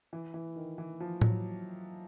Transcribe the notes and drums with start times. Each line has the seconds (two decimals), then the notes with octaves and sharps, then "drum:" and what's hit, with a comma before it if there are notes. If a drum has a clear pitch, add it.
0.13 E3
0.34 E3
0.56 D#3
0.78 E3
1.00 F3
1.21 F#3, drum: tom A2